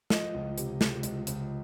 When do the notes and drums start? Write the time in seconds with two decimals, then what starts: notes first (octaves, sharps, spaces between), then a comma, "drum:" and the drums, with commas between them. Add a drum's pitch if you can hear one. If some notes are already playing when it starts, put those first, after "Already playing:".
0.10 F3 D#5, drum: snare
0.34 C#2
0.58 C3, drum: hi-hat
0.81 C3, drum: snare
1.03 C#2, drum: hi-hat
1.27 C#2, drum: hi-hat